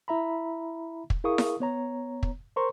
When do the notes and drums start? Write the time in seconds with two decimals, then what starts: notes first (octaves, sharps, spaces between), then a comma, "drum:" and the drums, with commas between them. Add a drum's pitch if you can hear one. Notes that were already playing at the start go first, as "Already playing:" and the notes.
0.08 E4 E5 A#5 B5
1.10 drum: kick
1.24 E4 G#4 A#4 F5 C#6 D#6
1.38 drum: snare E4
1.60 B3 C#5 A#5
2.23 drum: kick
2.56 A#4 C5 A#5 C6 C#6